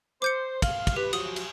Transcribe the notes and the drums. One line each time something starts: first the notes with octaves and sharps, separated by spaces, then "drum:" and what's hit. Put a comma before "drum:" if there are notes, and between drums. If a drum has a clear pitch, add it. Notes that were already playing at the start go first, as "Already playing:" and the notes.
C5 D6 G6 C#7
F5, drum: kick, cymbal
drum: kick, cymbal
G4 B4
F3 F#3 F#4 D#6, drum: cymbal
drum: cymbal